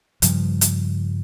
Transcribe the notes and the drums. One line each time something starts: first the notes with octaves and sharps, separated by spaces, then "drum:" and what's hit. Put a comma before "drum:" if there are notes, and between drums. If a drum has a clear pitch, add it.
G2 C#3 F3 G3, drum: hi-hat
drum: hi-hat